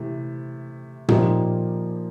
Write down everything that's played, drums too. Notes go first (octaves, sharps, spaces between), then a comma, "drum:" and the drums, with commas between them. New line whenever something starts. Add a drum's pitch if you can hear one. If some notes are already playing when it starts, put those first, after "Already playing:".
Already playing: C3 E3 A3
A#2 F3 A#3 D#4 G4, drum: tom